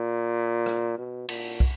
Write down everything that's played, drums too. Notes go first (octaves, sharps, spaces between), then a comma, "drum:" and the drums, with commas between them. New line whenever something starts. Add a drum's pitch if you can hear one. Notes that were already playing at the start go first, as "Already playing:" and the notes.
Already playing: A#2
drum: rim click
B2
A#2, drum: cymbal
drum: kick